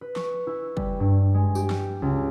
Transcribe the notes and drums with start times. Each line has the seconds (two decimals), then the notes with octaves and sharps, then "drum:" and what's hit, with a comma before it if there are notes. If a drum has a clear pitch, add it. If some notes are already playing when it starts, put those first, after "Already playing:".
0.01 B4
0.16 C#6, drum: snare
0.47 E4
0.77 G3, drum: kick
1.00 G2
1.34 G#3
1.55 G4, drum: tambourine
1.70 drum: snare
2.02 C#2